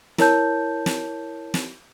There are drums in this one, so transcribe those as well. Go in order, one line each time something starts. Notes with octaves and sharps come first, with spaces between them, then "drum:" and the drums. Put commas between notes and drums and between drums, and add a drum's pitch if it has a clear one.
E4 A#4 C#5 A5 G6, drum: snare
drum: snare
drum: snare